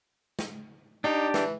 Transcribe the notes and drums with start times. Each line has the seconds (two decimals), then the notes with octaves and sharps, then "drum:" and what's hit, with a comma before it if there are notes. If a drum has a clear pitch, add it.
0.39 drum: snare
1.04 D4 D#4 G4
1.34 E3, drum: snare